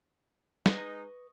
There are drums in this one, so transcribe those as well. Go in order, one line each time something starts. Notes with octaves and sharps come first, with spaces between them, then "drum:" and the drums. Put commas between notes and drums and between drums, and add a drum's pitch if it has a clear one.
G#3 D#4 B4 D#5 C#6, drum: snare